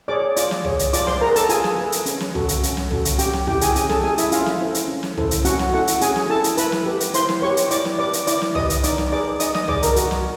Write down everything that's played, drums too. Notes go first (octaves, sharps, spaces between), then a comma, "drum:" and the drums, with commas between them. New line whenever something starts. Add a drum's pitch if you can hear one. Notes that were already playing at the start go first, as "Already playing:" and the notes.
G#4 C#5 D5 D6
F4 D5 D6, drum: hi-hat
drum: snare
G#4 C#5, drum: tom C2
drum: hi-hat
F4 D5 D6, drum: hi-hat
C5 C6, drum: snare
G#4 A#4 B4 A#5
A4 A5, drum: hi-hat
F4 G#4 G#5, drum: hi-hat
drum: snare
G#4 B4
drum: hi-hat
C#4, drum: hi-hat
drum: snare
F#4 A4, drum: tom C2
drum: hi-hat
C#4, drum: hi-hat
drum: snare
F#4 A4, drum: tom C2
drum: hi-hat
C#4 G4 G5, drum: hi-hat
drum: snare
E4 G4 G5, drum: tom C2
G#4 G#5, drum: hi-hat
C#4 G#4 G#5, drum: hi-hat
A4 A5, drum: snare
E4 G4 G#4 G#5
E4 E5, drum: hi-hat
C#4 F4 F5, drum: hi-hat
drum: snare
E4 A4 C5
drum: hi-hat
C#4
drum: snare
E4 A4 C5, drum: tom C2
drum: hi-hat
C#4 F#4 F#5, drum: hi-hat
drum: snare
E4 F#4 A4 F#5
drum: hi-hat
C#4 G#4 G#5, drum: hi-hat
drum: snare
E4 A4 A5
drum: hi-hat
E4 B4 B5, drum: hi-hat
drum: snare
G4 B4
drum: hi-hat
E4 C5 C6, drum: hi-hat
drum: snare
G4 B4 C#5 C#6
drum: hi-hat
E4 D5 D6, drum: hi-hat
drum: snare
G4 B4 D5 D6
drum: hi-hat
E4 D5 D6, drum: hi-hat
drum: snare
G4 B4 D#5 D#6, drum: tom C2
drum: hi-hat
D#4 D5 D6, drum: hi-hat
drum: snare
G#4 B4 D5 D6
D#4 D#5 D#6, drum: hi-hat
D#5 D#6, drum: snare
G#4 B4 D5 D6, drum: tom C2
A#4 A#5, drum: hi-hat
F#4, drum: hi-hat
drum: snare